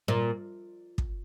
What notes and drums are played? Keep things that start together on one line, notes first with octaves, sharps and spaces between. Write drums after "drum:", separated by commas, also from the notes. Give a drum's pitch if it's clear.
A#2
drum: kick